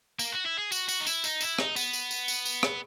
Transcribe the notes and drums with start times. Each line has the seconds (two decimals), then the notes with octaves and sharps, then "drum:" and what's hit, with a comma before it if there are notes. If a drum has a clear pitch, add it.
0.19 A#3, drum: tambourine
0.32 F#4
0.46 E4
0.58 G#4
0.72 F#4, drum: tambourine
0.89 F#4, drum: tambourine
1.00 D#4
1.07 E4, drum: tambourine
1.24 D#4, drum: tambourine
1.41 E4, drum: tambourine
1.59 D#4, drum: rim click
1.76 B3, drum: tambourine
1.93 drum: tambourine
2.11 drum: tambourine
2.28 drum: tambourine
2.46 drum: tambourine
2.63 drum: rim click